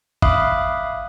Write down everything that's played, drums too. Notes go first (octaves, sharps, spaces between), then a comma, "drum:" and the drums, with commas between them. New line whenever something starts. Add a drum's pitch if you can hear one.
E5 F5 B5 D6 D#6 F#6, drum: kick